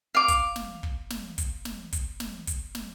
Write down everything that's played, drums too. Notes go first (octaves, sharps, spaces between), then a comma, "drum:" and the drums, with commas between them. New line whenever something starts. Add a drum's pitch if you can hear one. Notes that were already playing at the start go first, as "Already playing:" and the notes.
F5 D6
drum: kick, hi-hat
drum: snare
drum: kick
drum: snare
drum: kick, hi-hat
drum: snare
drum: kick, hi-hat
drum: snare
drum: kick, hi-hat
drum: snare